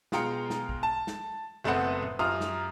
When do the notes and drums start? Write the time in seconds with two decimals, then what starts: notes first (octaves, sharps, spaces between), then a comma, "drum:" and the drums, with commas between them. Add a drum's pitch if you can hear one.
0.12 B2 G#3 F4 G5 A#5 C#7, drum: snare
0.50 drum: snare
0.69 drum: kick
0.83 A5
1.07 drum: snare
1.64 F#1 A3 B3 C4 B4 F#5
2.03 drum: tom A2
2.19 F#2 F4 G4 A#5 D#6 F6
2.41 drum: snare